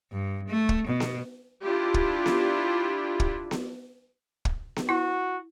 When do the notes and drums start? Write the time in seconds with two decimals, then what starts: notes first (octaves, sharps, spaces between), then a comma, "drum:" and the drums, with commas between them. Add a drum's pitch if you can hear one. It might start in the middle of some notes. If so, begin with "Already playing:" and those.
0.12 G2
0.48 A3
0.69 drum: kick
0.87 B2
1.00 drum: snare B3
1.63 D4 E4 F4 G4
1.94 drum: kick
2.26 drum: snare B3
3.20 drum: kick
3.51 drum: snare B3
4.45 drum: kick
4.76 drum: snare B3
4.89 E4 F#4